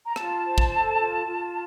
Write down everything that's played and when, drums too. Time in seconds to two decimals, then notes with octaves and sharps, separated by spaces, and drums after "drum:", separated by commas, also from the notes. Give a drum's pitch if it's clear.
0.04 A#5
0.16 F4 A5, drum: rim click
0.44 C5
0.58 drum: kick
0.71 A4
0.98 F4
1.26 F4